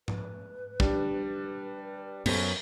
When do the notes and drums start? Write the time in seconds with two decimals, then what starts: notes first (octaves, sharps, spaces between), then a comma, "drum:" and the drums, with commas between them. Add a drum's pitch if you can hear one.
0.08 B4, drum: tom G#2
0.80 G3 D4, drum: kick
2.26 F#2 B3 A4 C5, drum: cymbal